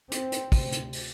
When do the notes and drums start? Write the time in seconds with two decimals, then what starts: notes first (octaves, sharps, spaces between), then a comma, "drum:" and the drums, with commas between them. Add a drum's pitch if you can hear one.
0.11 C4, drum: hi-hat
0.32 drum: hi-hat
0.52 D2 C3, drum: kick, open hi-hat
0.72 drum: hi-hat
0.93 drum: open hi-hat